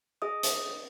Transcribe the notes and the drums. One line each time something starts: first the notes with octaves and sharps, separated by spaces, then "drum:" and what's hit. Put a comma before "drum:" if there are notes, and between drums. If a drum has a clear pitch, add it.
G#4 D#5 D#6
drum: hi-hat